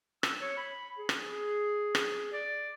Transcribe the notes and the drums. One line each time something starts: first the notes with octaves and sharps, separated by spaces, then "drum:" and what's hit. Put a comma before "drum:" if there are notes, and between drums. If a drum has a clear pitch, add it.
E6, drum: rim click
C#5
B5
G#4
drum: rim click
drum: rim click
D5